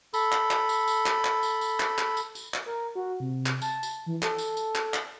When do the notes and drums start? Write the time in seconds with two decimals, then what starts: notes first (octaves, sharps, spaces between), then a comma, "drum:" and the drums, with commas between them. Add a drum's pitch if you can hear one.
0.14 A4 B5, drum: tambourine
0.32 drum: clap
0.51 drum: clap
0.69 drum: tambourine
0.87 drum: tambourine
1.06 drum: clap
1.24 drum: clap
1.43 drum: tambourine
1.61 drum: tambourine
1.80 drum: clap
1.98 drum: clap
2.17 drum: tambourine
2.35 drum: tambourine
2.54 drum: clap
2.66 A#4
2.95 F#4
3.20 C3
3.46 drum: clap
3.62 A5, drum: tambourine
3.83 drum: tambourine
4.06 E3
4.22 A4, drum: clap
4.38 drum: tambourine
4.57 drum: tambourine
4.75 drum: clap
4.94 drum: clap